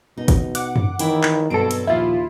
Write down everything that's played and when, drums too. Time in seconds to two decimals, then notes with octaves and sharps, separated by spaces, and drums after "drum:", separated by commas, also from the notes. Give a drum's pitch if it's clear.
0.17 B2 D#4
0.28 drum: kick G#1, hi-hat
0.55 F#5 D6, drum: hi-hat
0.76 drum: tom F#2
0.99 D#3 E3 E4 G5, drum: hi-hat
1.23 drum: clap
1.50 G2 B2 F#3 C4 A4 D7
1.71 drum: hi-hat
1.87 D#2 A#2 F3 E4 F4